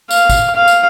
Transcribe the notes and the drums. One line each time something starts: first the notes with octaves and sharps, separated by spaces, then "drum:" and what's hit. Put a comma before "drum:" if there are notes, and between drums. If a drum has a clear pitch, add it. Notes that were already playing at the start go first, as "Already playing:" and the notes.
F5, drum: tambourine
drum: kick, tambourine
F5
drum: tambourine